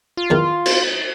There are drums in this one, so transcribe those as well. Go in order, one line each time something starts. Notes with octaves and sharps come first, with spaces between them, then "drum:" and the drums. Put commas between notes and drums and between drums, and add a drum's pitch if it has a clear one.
F4
E2 D#3
drum: cymbal